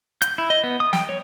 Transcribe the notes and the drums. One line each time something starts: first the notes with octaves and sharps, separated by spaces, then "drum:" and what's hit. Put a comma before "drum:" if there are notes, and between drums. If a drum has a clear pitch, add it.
G6, drum: hi-hat
E4
D#5
B3
D#6
G5, drum: snare
C#5